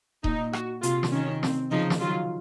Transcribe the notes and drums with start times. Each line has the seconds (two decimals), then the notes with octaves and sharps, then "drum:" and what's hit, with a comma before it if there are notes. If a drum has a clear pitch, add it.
0.24 A#2 D#4, drum: kick D#1
0.53 F#4, drum: rim click
0.83 C3 F4, drum: hi-hat
1.03 drum: snare
1.12 D#3 C#4
1.43 C4, drum: snare
1.71 C#3 F3 D#4
1.90 drum: snare
2.01 D#3 F#3 F4